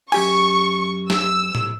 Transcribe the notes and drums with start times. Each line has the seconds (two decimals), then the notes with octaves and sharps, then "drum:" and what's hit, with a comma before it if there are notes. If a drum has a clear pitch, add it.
0.12 F#2 G4 G#5 C#6, drum: cymbal
1.10 E6, drum: snare
1.55 drum: tom